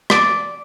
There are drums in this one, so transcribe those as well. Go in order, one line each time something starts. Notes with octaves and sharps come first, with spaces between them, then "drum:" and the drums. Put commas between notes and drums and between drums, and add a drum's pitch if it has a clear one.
D5, drum: rim click